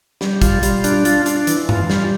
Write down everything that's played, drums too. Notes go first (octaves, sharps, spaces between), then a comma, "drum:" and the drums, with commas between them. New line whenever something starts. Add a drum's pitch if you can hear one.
G3, drum: snare
F4, drum: kick, hi-hat
G3, drum: hi-hat
D4, drum: hi-hat
F4, drum: hi-hat
D4, drum: hi-hat
E3, drum: hi-hat
F4, drum: tom G2
G3, drum: snare